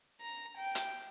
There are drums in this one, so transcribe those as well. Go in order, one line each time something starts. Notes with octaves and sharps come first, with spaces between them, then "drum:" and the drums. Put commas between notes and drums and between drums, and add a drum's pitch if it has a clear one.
A#5
G5
drum: hi-hat